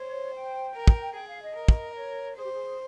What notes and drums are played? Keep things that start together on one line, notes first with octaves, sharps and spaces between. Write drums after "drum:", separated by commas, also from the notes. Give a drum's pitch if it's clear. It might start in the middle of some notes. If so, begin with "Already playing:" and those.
Already playing: C5 C#5
G5
A#4
drum: kick
G#4 G5
F5
D#5
A#4
drum: kick
C#5
G#4 C5
G4
G#4